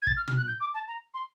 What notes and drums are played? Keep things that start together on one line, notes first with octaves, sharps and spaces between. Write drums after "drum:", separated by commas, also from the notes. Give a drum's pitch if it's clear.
G#6
A6, drum: kick
F6
F6, drum: tom
F#6
G6
D6
A5
A#5
C6